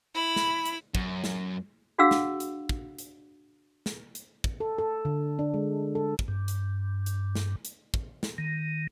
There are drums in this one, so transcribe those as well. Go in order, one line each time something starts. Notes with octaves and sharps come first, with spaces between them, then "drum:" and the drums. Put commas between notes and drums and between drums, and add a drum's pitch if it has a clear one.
E4 B5
drum: snare
drum: hi-hat
F#2, drum: kick
drum: snare
D4 F#4 G#4 F5 F#5 E6
drum: snare
drum: hi-hat
drum: kick
drum: hi-hat
drum: snare
drum: hi-hat
drum: kick
A4
A4
D3
D4
G#3
A4
drum: kick
G2
drum: hi-hat
drum: hi-hat
drum: snare
drum: hi-hat
drum: kick
drum: snare
D#3